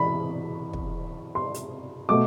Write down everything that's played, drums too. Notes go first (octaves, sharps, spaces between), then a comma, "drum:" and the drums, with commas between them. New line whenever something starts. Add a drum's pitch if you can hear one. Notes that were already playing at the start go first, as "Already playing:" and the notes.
Already playing: E3 B5
drum: kick
C6
drum: hi-hat
B2 A3 D6